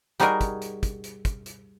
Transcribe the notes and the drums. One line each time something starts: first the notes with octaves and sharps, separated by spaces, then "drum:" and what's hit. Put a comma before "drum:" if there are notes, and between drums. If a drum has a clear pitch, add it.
G3 D#4 F#4 G#4 A#4, drum: hi-hat
drum: kick, hi-hat
drum: hi-hat
drum: kick, hi-hat
drum: hi-hat
drum: kick, hi-hat
drum: hi-hat